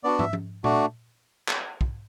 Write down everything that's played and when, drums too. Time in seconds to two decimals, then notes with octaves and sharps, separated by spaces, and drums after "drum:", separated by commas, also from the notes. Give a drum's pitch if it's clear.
0.04 B3 D4 F#4 D5
0.19 E5, drum: tom
0.33 drum: tom F3
0.64 A3 D4 F#4, drum: tom A#2
1.48 drum: clap
1.81 drum: kick